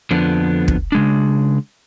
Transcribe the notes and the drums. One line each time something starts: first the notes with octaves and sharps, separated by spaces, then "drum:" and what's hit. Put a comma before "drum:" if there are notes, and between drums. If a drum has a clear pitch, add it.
F2 D3 F3 B3 D4
drum: kick
C#3 G#3 D4